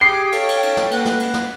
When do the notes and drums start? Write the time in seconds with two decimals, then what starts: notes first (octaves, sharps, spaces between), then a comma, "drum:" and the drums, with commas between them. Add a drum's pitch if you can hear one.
0.01 G4 G#4 G5 D6 C7
0.32 A4 C#5 F5 C#6, drum: cymbal
0.49 drum: cymbal
0.63 drum: cymbal
0.77 drum: snare
0.91 A#3 B4 F#5, drum: cymbal
1.05 drum: snare
1.19 drum: cymbal
1.34 drum: snare